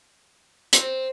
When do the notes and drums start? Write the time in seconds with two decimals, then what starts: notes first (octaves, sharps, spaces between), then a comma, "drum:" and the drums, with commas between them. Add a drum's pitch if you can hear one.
0.73 C4, drum: hi-hat